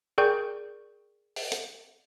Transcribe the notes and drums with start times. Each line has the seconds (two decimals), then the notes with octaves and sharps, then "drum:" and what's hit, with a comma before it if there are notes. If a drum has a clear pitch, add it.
0.18 G#4 A#4 D5 G5 C#6 G6
1.36 drum: open hi-hat
1.52 drum: hi-hat